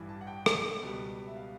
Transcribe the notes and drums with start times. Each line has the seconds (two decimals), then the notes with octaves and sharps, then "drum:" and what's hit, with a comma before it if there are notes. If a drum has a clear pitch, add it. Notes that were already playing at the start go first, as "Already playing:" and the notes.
Already playing: A1 G2 E3
0.09 A5
0.21 F#5
0.27 G5
0.46 drum: rim click
0.82 C#2 B2 G3 B3
1.28 E5
1.36 F5